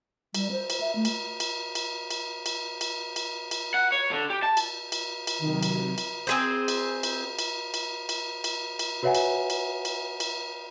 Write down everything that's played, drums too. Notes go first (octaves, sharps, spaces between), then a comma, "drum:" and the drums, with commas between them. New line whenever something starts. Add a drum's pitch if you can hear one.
G3, drum: cymbal
C5
drum: cymbal
E5
A3
drum: cymbal
drum: cymbal
drum: cymbal
drum: cymbal
drum: cymbal
drum: cymbal
drum: cymbal
drum: cymbal
F#5
C#5
D3
G4
A5
drum: cymbal
drum: cymbal
drum: cymbal
C3 D#3 F#3
drum: cymbal
drum: cymbal
C4 G#4 C5
drum: cymbal
drum: cymbal
drum: cymbal
drum: cymbal
drum: cymbal
drum: cymbal
drum: cymbal
F#4 B4 C#5 E5 F#5 G#5
drum: cymbal
drum: cymbal
drum: cymbal
drum: cymbal